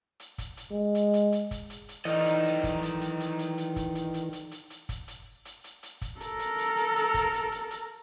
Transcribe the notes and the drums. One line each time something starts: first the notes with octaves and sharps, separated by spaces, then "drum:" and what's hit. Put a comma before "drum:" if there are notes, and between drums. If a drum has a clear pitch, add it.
drum: hi-hat
drum: kick, hi-hat
drum: hi-hat
G#3
drum: hi-hat
drum: hi-hat
drum: hi-hat
drum: kick, hi-hat
drum: hi-hat
drum: hi-hat
D#3 E3 D#4 A4 D5 D#5, drum: hi-hat
drum: hi-hat
drum: hi-hat
drum: kick, hi-hat
drum: hi-hat
drum: hi-hat
drum: hi-hat
drum: hi-hat
drum: hi-hat
drum: kick, hi-hat
drum: hi-hat
drum: hi-hat
drum: hi-hat
drum: hi-hat
drum: hi-hat
drum: kick, hi-hat
drum: hi-hat
drum: hi-hat
drum: hi-hat
drum: hi-hat
drum: kick, hi-hat
A4 A#4, drum: hi-hat
drum: hi-hat
drum: hi-hat
drum: hi-hat
drum: hi-hat
drum: kick, hi-hat
drum: hi-hat
drum: hi-hat
drum: hi-hat